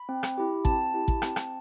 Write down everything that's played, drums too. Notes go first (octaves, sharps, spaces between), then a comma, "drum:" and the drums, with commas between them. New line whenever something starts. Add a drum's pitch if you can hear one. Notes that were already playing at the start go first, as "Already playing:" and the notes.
Already playing: B5
C4
drum: rim click
E4 G4
C4 A5, drum: kick
E4 G4
drum: kick
C4, drum: rim click
drum: rim click